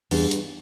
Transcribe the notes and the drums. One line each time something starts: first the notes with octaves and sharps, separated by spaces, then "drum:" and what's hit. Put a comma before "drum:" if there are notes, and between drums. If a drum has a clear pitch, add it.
E2 G2, drum: open hi-hat
drum: hi-hat